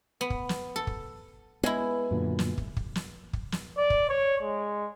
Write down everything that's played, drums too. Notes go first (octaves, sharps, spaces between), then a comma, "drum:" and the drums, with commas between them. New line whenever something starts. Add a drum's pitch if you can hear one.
B3
drum: kick
drum: snare
A4
drum: kick
G#3 B3 E4
F#2 A#2 D3
drum: snare
drum: kick
drum: kick
drum: snare
drum: kick
drum: snare
D5
drum: kick
C#5
G#3